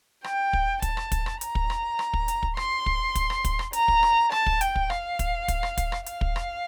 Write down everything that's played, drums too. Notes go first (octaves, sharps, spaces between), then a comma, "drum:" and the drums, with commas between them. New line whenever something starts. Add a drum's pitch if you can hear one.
G5, drum: rim click
drum: kick
A5, drum: kick, hi-hat
drum: rim click
drum: kick, hi-hat
drum: rim click
A#5, drum: hi-hat
drum: kick
drum: rim click
drum: rim click
drum: kick
drum: hi-hat
drum: kick
C6, drum: rim click
drum: kick
drum: kick, hi-hat
drum: rim click
drum: kick, hi-hat
drum: rim click
A#5, drum: hi-hat
drum: kick
drum: rim click
A5, drum: rim click
drum: kick
G5, drum: hi-hat
drum: kick
F5, drum: rim click
drum: kick, hi-hat
drum: kick, hi-hat
drum: rim click
drum: kick, hi-hat
drum: rim click
F5, drum: hi-hat
drum: kick
drum: rim click